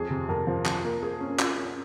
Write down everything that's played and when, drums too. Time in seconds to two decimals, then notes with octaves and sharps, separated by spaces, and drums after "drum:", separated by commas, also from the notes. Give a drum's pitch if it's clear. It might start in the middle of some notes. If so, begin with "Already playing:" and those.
Already playing: F2 G#4
0.10 C3
0.29 F2 A#4
0.47 F3
0.65 F3, drum: clap
0.84 A#3
1.02 A#3 G#4
1.20 C#4
1.39 F4, drum: clap
1.57 C#4